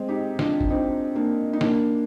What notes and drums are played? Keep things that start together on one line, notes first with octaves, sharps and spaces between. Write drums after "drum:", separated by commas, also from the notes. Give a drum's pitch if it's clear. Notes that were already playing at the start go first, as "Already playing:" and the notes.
Already playing: G#3 C4
D#4 G4
D4 F4, drum: snare
drum: kick G1
C4 D#4
A#3 D4
D#4
A#3 D4, drum: snare